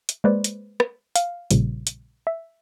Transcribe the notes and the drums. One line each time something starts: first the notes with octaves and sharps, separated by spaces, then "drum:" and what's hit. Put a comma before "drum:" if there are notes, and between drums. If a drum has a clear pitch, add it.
drum: hi-hat
G#3 A#3 B4 C5 D5
drum: hi-hat
drum: rim click
F5, drum: hi-hat
A#1 A#2 C#3 F3 G3, drum: hi-hat
drum: hi-hat
E5